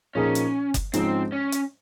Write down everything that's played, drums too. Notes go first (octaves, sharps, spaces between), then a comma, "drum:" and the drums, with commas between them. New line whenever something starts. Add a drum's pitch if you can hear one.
A#2 F3 A#3 C#4 D#4 G#4
drum: hi-hat
drum: kick F#1, hi-hat
G#2 F3 G#3 C4 C#4 G#4, drum: hi-hat
C#4
drum: hi-hat